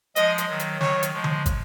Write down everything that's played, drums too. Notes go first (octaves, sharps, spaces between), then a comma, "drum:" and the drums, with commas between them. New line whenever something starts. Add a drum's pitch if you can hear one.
F3 G#3 D#5, drum: hi-hat
drum: hi-hat
D#3 F#3
drum: hi-hat
D#3 F#3 C#5, drum: snare
drum: hi-hat
F3 G#3
drum: tom D3
drum: kick, hi-hat